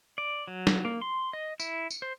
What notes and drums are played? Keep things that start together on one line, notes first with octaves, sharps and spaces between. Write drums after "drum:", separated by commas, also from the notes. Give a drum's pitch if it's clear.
D5
F#3
drum: snare
A#3
C6
D#5
E4, drum: tambourine
drum: tambourine
C5